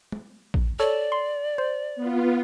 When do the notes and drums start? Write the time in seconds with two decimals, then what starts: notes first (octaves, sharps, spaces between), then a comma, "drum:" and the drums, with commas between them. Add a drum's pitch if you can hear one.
0.12 drum: tom
0.54 drum: kick A#1
0.80 A4 C#5 D5 E7
1.12 C6
1.58 C5
1.96 B3 F4